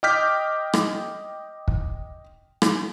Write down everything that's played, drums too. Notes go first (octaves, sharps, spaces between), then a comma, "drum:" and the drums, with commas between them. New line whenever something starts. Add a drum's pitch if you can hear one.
D#5 G5 D6 F6 G6 B6
drum: rim click
drum: kick
drum: rim click